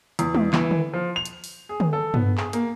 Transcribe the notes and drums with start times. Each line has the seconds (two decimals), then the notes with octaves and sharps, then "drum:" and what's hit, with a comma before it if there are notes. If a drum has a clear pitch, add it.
0.19 E2, drum: hi-hat
0.35 drum: tom G3
0.53 E3, drum: clap
0.71 drum: tom D3
0.93 F3
1.16 F7
1.26 drum: hi-hat
1.44 drum: open hi-hat
1.69 G#4
1.80 drum: tom D3
1.93 A4
2.14 B3, drum: tom G2
2.38 G#4, drum: clap
2.53 A#3, drum: hi-hat